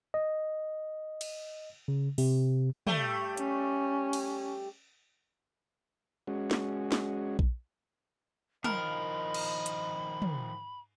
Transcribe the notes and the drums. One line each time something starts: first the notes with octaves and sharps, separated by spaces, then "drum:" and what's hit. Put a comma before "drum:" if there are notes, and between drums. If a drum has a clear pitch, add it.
D#5
drum: cymbal
C#3
C3, drum: open hi-hat
G3 A3, drum: tom
C#4, drum: hi-hat
drum: cymbal
G#3 C#4 F#4
drum: snare
drum: snare
drum: kick A#1
D#3 F3 A#4 D#5 B5, drum: tom
drum: cymbal
drum: hi-hat
drum: tom